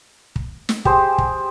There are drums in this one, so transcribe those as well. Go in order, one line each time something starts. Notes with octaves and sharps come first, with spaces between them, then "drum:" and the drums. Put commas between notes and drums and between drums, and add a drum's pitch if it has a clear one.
drum: kick
drum: snare
G4 G#4 C5, drum: kick
drum: kick